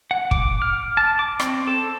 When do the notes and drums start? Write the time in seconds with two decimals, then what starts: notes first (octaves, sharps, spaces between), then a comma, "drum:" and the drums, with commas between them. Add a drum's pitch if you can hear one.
0.11 F#5
0.31 D6, drum: kick
0.62 F6
0.97 A5
1.19 D6
1.40 C4, drum: rim click
1.67 A4